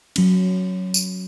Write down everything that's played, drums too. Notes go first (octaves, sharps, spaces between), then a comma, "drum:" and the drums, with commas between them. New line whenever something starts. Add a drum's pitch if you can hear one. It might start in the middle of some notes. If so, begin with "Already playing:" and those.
F#3 C#4, drum: cymbal
drum: tambourine